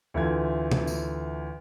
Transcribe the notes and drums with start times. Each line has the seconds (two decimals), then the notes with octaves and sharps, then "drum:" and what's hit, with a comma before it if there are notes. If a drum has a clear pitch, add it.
0.14 D2 E3 A3 F4 G#6
0.72 drum: tom B2
0.87 drum: tambourine